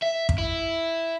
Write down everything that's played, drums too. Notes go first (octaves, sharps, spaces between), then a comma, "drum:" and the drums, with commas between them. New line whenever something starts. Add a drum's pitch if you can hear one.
E5
drum: kick
E4